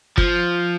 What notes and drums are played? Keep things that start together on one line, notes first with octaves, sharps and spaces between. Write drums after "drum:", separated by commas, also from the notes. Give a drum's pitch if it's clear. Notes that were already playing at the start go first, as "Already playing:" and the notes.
F3, drum: kick G1